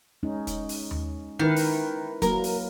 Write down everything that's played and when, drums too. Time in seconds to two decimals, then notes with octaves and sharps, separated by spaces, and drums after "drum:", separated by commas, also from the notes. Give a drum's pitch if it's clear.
0.23 G#3 C#4 D#4
0.47 drum: kick, hi-hat
0.69 drum: open hi-hat
0.91 drum: tom D#2
1.39 D#3 E4 A#4 B4
1.56 drum: open hi-hat
2.22 F#3 A#3 A#4, drum: kick, hi-hat
2.44 drum: open hi-hat